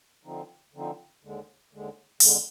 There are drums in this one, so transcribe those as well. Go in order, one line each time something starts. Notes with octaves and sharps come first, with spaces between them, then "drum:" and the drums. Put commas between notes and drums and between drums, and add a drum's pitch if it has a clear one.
D3 F3 C4 D#4
D3 F3 C4 D#4
D#2 D3 G#3
D#2 D3 G#3
F2 D3 G#3, drum: open hi-hat